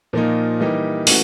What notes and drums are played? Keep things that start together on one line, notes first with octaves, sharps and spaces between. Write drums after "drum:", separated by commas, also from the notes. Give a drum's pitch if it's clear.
A#2 F3 A#3 D#4
E3 G3 A#3 D#4 G4
E3 A3 C#4 F#4, drum: open hi-hat